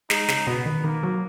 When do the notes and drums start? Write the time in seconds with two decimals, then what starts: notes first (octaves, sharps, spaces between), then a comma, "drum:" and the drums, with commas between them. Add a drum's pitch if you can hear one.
0.10 G#3 D#4, drum: snare
0.28 C#3, drum: snare
0.47 B2 B3
0.66 D#3
0.84 D#3 A#3
1.03 F#3